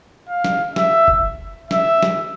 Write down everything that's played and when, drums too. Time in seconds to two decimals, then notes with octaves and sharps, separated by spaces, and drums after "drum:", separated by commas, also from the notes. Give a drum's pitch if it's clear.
0.29 F5
0.44 drum: snare
0.76 E5, drum: snare
1.08 drum: kick F#1
1.71 E5, drum: snare
2.03 drum: snare